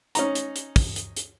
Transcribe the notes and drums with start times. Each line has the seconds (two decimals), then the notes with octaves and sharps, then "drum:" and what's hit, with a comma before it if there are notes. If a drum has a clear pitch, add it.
0.15 C#4 D#4 A#5, drum: hi-hat
0.35 drum: hi-hat
0.56 drum: hi-hat
0.76 drum: kick, open hi-hat
0.96 drum: hi-hat
1.16 drum: hi-hat